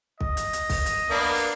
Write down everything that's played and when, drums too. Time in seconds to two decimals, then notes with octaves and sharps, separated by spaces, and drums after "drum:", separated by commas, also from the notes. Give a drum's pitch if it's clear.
0.21 D#5, drum: kick
0.37 drum: hi-hat
0.53 drum: hi-hat
0.70 drum: kick, open hi-hat
0.86 drum: hi-hat
1.10 A#3 B3 D4
1.35 drum: open hi-hat